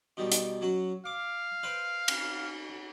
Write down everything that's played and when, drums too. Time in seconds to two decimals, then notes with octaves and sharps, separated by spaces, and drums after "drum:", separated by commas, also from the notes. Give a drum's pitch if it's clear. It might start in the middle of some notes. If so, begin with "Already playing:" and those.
0.17 B2 D#3 G3
0.32 drum: hi-hat
0.61 F#3 C#4 F#4
1.05 F5 D6
1.63 B4 C5 G5
2.08 drum: cymbal